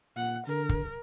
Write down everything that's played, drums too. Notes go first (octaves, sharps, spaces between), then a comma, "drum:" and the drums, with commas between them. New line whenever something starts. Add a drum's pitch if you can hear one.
A#2 F#5
D3 A#4
drum: kick